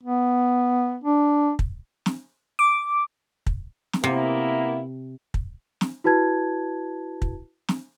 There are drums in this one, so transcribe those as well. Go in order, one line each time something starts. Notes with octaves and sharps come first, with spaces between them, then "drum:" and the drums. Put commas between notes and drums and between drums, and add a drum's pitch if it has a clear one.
B3
D4
drum: kick
drum: snare
D6
drum: kick
drum: snare
C3 A#3 B3 E4
drum: kick
drum: snare
E4 F#4 B4 A5 G#6
drum: kick
drum: snare